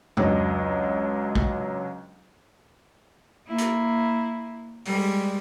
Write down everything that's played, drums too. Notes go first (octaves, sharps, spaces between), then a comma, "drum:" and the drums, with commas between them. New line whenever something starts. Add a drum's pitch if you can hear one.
C#2 F#3 D4 D#5, drum: tom
drum: kick
A#3 E4
drum: hi-hat
G3 G#3, drum: open hi-hat